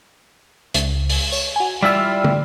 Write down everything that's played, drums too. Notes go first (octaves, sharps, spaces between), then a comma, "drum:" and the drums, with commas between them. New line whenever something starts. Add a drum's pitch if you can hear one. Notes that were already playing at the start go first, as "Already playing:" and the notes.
C#2, drum: hi-hat
drum: open hi-hat
C#5, drum: tambourine
F#4 G#5
G3 E4 F4 D5 E6
drum: tom